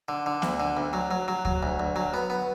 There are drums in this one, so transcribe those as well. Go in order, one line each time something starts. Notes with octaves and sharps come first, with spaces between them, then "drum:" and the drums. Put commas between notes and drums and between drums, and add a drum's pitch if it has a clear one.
D3
D3
D2, drum: snare B3
D3
D2
F#3
F#3
F#3
F#3, drum: kick D2
D2
D2
F#3
B3
B3